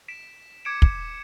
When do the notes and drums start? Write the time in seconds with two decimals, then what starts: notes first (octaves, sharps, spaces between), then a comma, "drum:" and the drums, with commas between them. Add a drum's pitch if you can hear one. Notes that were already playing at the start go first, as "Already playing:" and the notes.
0.08 B6 D7 E7
0.65 D6 G#6 C#7 D7 E7
0.82 drum: kick